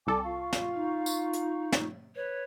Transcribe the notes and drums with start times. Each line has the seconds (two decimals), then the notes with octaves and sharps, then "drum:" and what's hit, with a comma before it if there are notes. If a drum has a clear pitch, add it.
0.07 C2 A4 D5 G5 G#5 D6
0.24 F4 F5 C#6
0.53 drum: snare
0.74 D#4
1.06 drum: tambourine
1.33 drum: hi-hat
1.72 drum: snare
2.16 B4 C#5